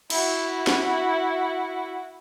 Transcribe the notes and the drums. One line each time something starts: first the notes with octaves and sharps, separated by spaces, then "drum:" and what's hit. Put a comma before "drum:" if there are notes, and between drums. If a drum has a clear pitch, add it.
E4 F#4, drum: cymbal
drum: snare